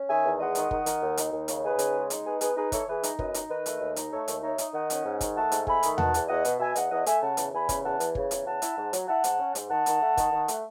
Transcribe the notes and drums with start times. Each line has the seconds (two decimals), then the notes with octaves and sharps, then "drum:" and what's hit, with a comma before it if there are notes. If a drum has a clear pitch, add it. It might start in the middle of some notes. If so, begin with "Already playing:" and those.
Already playing: C#4
0.08 D#3 E5 G#5
0.24 E2
0.39 G#3 D#5 F#5
0.55 D#3, drum: hi-hat
0.71 D#3, drum: kick
0.86 D#3, drum: hi-hat
1.02 D#2
1.17 D#4, drum: hi-hat
1.33 D#2
1.48 C#3, drum: hi-hat
1.63 D#4 G#4 B4
1.79 C#3, drum: hi-hat
1.95 G#3
2.10 D#4, drum: hi-hat
2.25 B3 G#4 B4
2.41 B3 G#4 B4, drum: hi-hat
2.57 D#4 G#4 B4
2.72 E3 A4 C#5, drum: kick, hi-hat
2.87 E3 G#4 B4
3.03 D#4, drum: hi-hat
3.19 F#2 B4 D#5, drum: kick
3.34 D#4, drum: hi-hat
3.49 D#3 B4 D#5
3.66 A3, drum: hi-hat
3.81 D#2
3.96 D#4, drum: hi-hat
4.12 A3 A4 C#5
4.28 D#2, drum: hi-hat
4.43 D#4 C#5 E5
4.58 D#4, drum: hi-hat
4.74 D#3 D#5 F#5
4.90 C#4, drum: hi-hat
5.05 G#2
5.21 D#3, drum: kick, hi-hat
5.36 A3 F#5 A5
5.52 G#2, drum: hi-hat
5.67 A3 G#5 B5, drum: kick
5.83 D#3, drum: hi-hat
5.98 B2 F#5 A5, drum: tom E2
6.14 E2, drum: hi-hat
6.29 E2 D#5 F#5
6.45 B2, drum: hi-hat
6.60 B2 E5 G#5
6.76 E2 D#5 F#5, drum: hi-hat
6.91 E2 D#5 F#5
7.06 A3 E5 G#5, drum: hi-hat
7.22 C#3 F#5 A5
7.37 E2, drum: hi-hat
7.53 E2 G#5 B5
7.69 C#3, drum: kick, hi-hat
7.84 E2 F#5 A5
8.00 E3, drum: hi-hat
8.15 C#3, drum: kick
8.31 E2, drum: hi-hat
8.46 C#4 F#5 A5
8.62 E4, drum: hi-hat
8.78 G#2
8.93 F#3, drum: hi-hat
9.08 E4 F#5 A5
9.24 G#2, drum: hi-hat
9.39 C#4
9.55 G#2, drum: hi-hat
9.70 D#3 F#5 A5
9.86 D#3, drum: hi-hat
10.01 A3
10.17 D#3, drum: kick, hi-hat
10.32 D#3
10.48 A3, drum: hi-hat